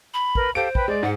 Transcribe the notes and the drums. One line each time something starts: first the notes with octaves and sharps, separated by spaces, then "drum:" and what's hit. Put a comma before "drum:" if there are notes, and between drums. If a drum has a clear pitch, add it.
B5
A#4 B4, drum: kick
G4 A4 C5 F5 D7
B4 G5 B5, drum: kick
G#3 D5
G#2 F#5